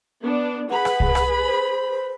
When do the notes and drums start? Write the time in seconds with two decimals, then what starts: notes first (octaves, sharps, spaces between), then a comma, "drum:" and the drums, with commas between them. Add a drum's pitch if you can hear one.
0.22 B3 D4
0.70 G#4 B4 F#5 B5
0.85 drum: rim click
1.00 drum: kick C2
1.15 drum: rim click
1.46 C5